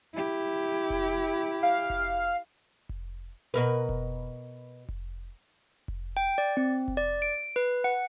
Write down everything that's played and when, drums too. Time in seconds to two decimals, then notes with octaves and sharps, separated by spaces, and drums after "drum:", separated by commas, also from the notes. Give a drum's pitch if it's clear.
0.14 E4 G4
0.90 drum: kick F1
1.63 F5
1.90 drum: kick F1
2.89 drum: kick F1
3.54 B2 A#4 B4
3.89 drum: kick F1
4.89 drum: kick F1
5.88 drum: kick F1
6.17 G5
6.38 D5
6.57 C4
6.88 drum: kick F1
6.97 D5
7.22 D7
7.56 B4
7.84 F#5